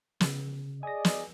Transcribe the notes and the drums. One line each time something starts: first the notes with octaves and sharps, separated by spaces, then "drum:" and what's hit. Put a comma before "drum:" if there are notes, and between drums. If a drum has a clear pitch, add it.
C#3, drum: snare
G#4 D5 D#5 G#5 A#6
drum: snare